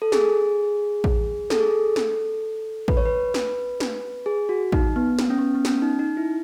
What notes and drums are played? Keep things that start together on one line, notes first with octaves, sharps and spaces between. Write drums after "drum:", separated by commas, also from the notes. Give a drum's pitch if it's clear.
A4
G#4, drum: snare
drum: kick A1
A4, drum: snare
G#4
A4
drum: snare
B4, drum: kick A1
C#5
B4
drum: snare
drum: snare
G#4
F#4
D#4, drum: kick A1
B3
drum: snare
C#4
B3
B3
C#4, drum: snare
D#4
D#4
E4